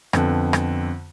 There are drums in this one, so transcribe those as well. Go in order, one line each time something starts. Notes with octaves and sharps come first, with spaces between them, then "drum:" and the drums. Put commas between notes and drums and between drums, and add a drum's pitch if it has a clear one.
F2 D3 B3, drum: rim click
drum: rim click